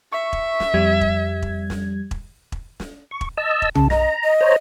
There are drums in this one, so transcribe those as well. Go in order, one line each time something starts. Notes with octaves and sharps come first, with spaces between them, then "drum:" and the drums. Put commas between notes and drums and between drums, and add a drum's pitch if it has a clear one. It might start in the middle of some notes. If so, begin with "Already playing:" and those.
E5 C#6
drum: kick E1
drum: snare
F2 G3 G#6
drum: kick E1
drum: kick E1
drum: snare
drum: kick E1
drum: kick E1
drum: snare
C#6
drum: kick E1
D#5 A5 E6
drum: kick E1
C#3 A5, drum: tom B1
D#5 A#5, drum: snare
D#5
C5 C#5 A#5